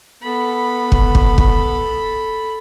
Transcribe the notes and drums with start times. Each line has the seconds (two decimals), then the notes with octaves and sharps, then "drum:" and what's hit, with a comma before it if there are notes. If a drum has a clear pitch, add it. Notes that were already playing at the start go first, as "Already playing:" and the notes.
0.23 B3 A4 B5
0.92 drum: kick
1.15 drum: kick
1.38 drum: kick